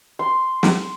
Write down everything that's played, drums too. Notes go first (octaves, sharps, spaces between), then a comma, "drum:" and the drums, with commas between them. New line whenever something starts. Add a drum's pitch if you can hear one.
C6
drum: snare